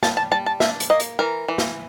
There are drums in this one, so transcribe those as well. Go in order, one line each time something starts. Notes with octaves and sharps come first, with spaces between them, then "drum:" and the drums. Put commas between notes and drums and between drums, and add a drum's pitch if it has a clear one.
G3 A5, drum: snare
A5
G3 A5
A5
D4 E5, drum: snare
drum: hi-hat
A#3 D#5
drum: hi-hat
E3 A#4
E3
drum: snare